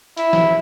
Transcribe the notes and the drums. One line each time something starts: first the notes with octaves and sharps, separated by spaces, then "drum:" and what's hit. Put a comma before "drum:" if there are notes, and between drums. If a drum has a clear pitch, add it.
E4, drum: hi-hat
drum: snare